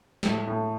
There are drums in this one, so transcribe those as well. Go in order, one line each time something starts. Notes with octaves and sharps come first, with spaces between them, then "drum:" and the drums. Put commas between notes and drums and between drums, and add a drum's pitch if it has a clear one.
A2, drum: snare
A2